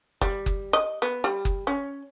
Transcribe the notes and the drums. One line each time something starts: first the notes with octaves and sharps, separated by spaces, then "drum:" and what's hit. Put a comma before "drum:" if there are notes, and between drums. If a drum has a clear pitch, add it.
G3, drum: kick F#1
drum: kick F#1
D#5
B3
G3
drum: kick F#1
C#4